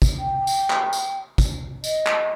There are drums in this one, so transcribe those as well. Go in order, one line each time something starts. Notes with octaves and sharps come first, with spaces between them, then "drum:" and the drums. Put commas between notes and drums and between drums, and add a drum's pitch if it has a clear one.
drum: kick, tambourine
G5
drum: tambourine
drum: clap
drum: tambourine
drum: kick, tambourine
D#5, drum: tambourine
drum: clap